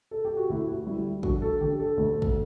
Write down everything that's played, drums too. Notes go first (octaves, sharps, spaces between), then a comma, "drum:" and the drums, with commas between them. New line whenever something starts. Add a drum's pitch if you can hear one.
A4
G4
F#4
D2 E4
F#4
G3 E4
D3 F#4, drum: kick
A4
D3 G4
A4
D2
drum: kick